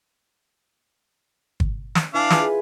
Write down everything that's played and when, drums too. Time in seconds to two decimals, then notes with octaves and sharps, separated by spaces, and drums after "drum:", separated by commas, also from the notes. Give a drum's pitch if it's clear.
1.60 drum: kick
1.95 drum: snare
2.14 E3 D4 F5
2.30 F4 G#4 B4, drum: snare